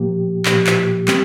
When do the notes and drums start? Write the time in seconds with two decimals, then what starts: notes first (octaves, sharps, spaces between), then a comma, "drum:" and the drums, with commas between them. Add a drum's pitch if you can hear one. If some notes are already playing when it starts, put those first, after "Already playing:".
Already playing: A#2 F3 A#3 G4
0.45 A#2 F3 A#3 G4, drum: clap
0.67 drum: clap
1.08 G3 C4 G4, drum: clap